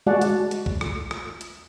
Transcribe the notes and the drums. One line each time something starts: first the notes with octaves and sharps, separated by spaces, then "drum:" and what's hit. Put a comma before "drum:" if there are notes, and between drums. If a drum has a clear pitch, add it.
G#3 F#4 G#4 D5 F#5 A5
drum: hi-hat
drum: hi-hat
drum: kick
drum: rim click
drum: rim click
drum: hi-hat